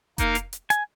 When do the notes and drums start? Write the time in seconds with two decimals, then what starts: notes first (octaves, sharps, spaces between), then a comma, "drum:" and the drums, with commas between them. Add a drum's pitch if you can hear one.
0.18 A#3 D#4 A#4 F5, drum: kick F1, hi-hat
0.35 drum: hi-hat
0.53 drum: hi-hat
0.70 G#5, drum: hi-hat